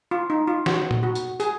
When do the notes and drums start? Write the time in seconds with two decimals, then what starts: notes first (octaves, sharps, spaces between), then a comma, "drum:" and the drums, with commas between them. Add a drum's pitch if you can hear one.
0.11 F4
0.30 D#4
0.47 F4
0.66 F#4, drum: snare
0.91 drum: tom A#2
1.03 F#4
1.15 drum: tambourine
1.40 G#4, drum: tambourine